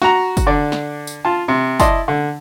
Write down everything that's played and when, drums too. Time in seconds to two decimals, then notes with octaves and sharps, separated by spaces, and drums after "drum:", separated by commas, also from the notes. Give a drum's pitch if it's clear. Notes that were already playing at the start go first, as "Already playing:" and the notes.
0.02 F#4 A#5, drum: snare
0.37 drum: kick, tambourine
0.47 D3 D4 D5
0.72 drum: snare
1.07 drum: tambourine
1.25 F4 A5
1.48 C3
1.80 E4 D5 D#5 A5 C6, drum: kick, tambourine
2.08 D3